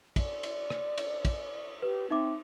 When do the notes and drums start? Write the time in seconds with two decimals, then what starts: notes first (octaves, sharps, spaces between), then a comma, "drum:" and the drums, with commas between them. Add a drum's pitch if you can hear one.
0.16 D5, drum: kick, cymbal
0.43 drum: cymbal
0.70 drum: rim click
0.98 drum: cymbal
1.25 drum: kick, cymbal
1.82 G4 B4
2.10 C4 D#4 E5 D6